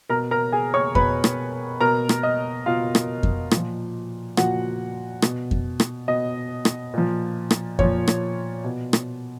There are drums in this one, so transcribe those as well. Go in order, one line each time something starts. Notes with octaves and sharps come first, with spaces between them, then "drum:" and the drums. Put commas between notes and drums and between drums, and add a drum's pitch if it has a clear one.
B2 A#4 A#5
A#4 A#5
G#4 G#5
C#5 C#6
B2 B4 B5, drum: kick F2
drum: rim click
B2 A#4 A#5
drum: rim click
D#5
B2 F4 F5
drum: rim click
drum: kick F2
A#2, drum: rim click
F3
A#2 F3 F#4 F#5, drum: rim click
B2, drum: rim click
drum: kick F2
drum: rim click
B2 D#5
drum: rim click
A#2 F3
drum: rim click
A#2 F3 C#5, drum: kick F2
drum: rim click
B2
drum: rim click